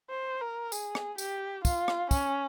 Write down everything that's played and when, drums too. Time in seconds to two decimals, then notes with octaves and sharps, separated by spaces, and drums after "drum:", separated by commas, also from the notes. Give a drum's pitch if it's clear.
0.10 C5
0.41 A#4
0.72 G#4, drum: tambourine
0.95 drum: rim click
1.18 G4, drum: tambourine
1.65 F4, drum: kick, tambourine
1.88 drum: rim click
2.11 C#4, drum: kick, tambourine